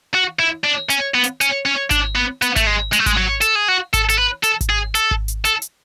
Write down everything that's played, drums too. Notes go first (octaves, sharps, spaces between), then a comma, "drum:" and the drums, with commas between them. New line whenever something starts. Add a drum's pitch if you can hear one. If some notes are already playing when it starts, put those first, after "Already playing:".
F#4
E4
D4
C#4, drum: hi-hat
B3
drum: hi-hat
C#4, drum: hi-hat
C#4
D4, drum: kick G#1, hi-hat
B3
B3, drum: hi-hat
A3, drum: kick G#1, hi-hat
G#3
G#3, drum: hi-hat
A3
G#3, drum: kick G#1, hi-hat
F#3
A4, drum: hi-hat
G#4
F#4
A4, drum: kick G#1, hi-hat
A4, drum: hi-hat
B4
A4, drum: hi-hat
drum: kick G#1, hi-hat
G#4
A4, drum: hi-hat
drum: kick G#1
drum: hi-hat
A4, drum: hi-hat
drum: hi-hat